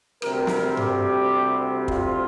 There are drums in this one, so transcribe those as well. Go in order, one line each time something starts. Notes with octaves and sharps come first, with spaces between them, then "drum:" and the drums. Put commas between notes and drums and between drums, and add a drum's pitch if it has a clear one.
D2 C3 G3 A#4, drum: rim click
drum: snare
G4, drum: tom G2
F4, drum: kick